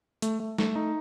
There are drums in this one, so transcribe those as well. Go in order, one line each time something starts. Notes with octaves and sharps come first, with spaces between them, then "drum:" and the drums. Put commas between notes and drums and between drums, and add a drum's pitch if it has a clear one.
A3, drum: hi-hat
A3
A3, drum: snare
D#4